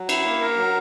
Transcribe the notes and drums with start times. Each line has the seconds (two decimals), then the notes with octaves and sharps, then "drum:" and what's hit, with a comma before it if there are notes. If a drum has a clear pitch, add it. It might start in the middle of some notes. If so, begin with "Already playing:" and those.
Already playing: F#3
0.09 E4, drum: cymbal
0.24 A#3
0.41 A#4
0.57 F#3